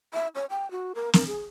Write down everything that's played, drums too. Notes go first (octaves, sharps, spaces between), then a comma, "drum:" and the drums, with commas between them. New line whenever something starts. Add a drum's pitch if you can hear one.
E5
C#5
G5
F#4
A#4
A#4, drum: snare
G#4